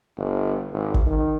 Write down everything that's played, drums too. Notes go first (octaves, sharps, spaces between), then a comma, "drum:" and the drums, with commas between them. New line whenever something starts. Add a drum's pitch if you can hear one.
G1
G#1
drum: kick
D#3